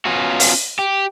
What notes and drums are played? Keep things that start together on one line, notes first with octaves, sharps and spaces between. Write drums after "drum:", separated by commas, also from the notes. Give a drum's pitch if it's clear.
B3 C#4 F4 F#4
drum: open hi-hat
G4